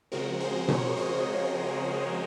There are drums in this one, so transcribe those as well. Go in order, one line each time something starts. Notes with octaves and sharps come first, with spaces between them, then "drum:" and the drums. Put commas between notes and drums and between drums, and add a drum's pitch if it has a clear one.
C#3 F3 G#3 C4 F#4 A#4
G#4 C5
A#4 C#5, drum: tom B2
C5 D#5